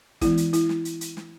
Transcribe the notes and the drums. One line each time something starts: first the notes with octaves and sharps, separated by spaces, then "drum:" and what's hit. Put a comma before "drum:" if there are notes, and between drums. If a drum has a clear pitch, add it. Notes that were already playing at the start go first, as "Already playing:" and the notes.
E3 G#3 B3 E4, drum: kick, hi-hat
drum: hi-hat
E4, drum: hi-hat
drum: snare
drum: hi-hat
drum: hi-hat
drum: snare